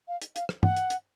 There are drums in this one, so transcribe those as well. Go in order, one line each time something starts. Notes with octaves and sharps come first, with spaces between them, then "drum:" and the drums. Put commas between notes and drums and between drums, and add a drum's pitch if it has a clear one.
F5
drum: hi-hat
F5, drum: hi-hat
drum: rim click
F#5, drum: tom
drum: hi-hat
drum: hi-hat